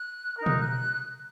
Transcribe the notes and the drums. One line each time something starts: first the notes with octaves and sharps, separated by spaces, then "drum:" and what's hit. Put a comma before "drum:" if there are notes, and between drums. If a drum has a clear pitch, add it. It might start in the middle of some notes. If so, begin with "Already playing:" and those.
Already playing: F#6
D#4 A#4
F#6, drum: tom B2
F#6